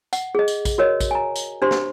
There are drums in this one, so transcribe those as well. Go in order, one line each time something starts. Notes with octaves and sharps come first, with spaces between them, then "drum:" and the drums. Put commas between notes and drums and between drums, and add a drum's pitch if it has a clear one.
F#5, drum: tambourine
G#4 D#5
drum: tambourine
drum: kick A#1, tambourine
F#4 A#4 C#5 D#5
drum: kick A#1, tambourine
G#5 A#5
drum: tambourine
D4 G4 C5 C6
drum: snare